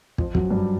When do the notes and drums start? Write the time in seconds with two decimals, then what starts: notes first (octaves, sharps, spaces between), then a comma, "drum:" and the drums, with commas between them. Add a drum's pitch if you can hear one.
0.18 F2 F3, drum: kick
0.35 F#2 F#3, drum: kick
0.51 G2 G3